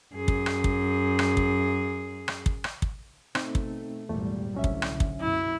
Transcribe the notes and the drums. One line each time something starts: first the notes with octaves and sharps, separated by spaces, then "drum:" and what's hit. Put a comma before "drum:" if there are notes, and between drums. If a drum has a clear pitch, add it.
F#2 G#4
drum: kick
drum: rim click
drum: kick
drum: rim click
drum: kick
drum: rim click
drum: kick
drum: rim click
drum: kick
B2 A3 C4 D#4, drum: rim click
drum: kick
G#1 E2 A#2 G3 A3
C2 A2 D3 F#3 C#4 E5
drum: kick
drum: rim click
drum: kick
F#2 B2 E4